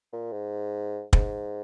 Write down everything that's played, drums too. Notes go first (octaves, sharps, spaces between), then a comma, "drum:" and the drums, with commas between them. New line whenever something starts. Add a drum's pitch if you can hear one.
A#2
G#2
G#2, drum: kick